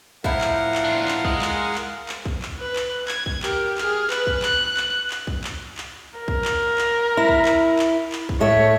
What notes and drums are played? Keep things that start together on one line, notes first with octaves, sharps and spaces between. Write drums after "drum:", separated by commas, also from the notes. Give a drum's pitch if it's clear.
A2 F3 E4 A#4 F5 F#5, drum: kick
drum: clap
drum: clap
D4 F4
drum: clap
G#3, drum: kick
drum: clap
drum: clap
drum: clap
drum: kick
drum: clap
B4
drum: clap
G#6, drum: clap
drum: kick
G4 A#4, drum: clap
G#4 F6, drum: clap
B4, drum: clap
drum: kick
F#6, drum: clap
drum: clap
drum: clap
drum: kick
drum: clap
drum: clap
A#4
drum: kick
drum: clap
drum: clap
E4
drum: kick
drum: clap
drum: clap
drum: clap
drum: kick
A2 A3 C#5 E5